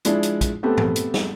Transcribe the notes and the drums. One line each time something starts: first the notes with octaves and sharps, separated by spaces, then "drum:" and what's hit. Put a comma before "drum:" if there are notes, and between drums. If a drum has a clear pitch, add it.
F3 G#3 D4 E4, drum: hi-hat
drum: hi-hat
drum: kick, hi-hat
A3 B3 C4 G4 A4
drum: tom G2
drum: hi-hat
drum: snare